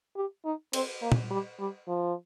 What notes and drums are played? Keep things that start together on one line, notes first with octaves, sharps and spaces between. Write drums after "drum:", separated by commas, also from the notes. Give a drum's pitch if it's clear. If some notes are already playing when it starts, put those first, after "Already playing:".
G4
D#4
C4, drum: cymbal
A#3
drum: tom
G3
G3
F3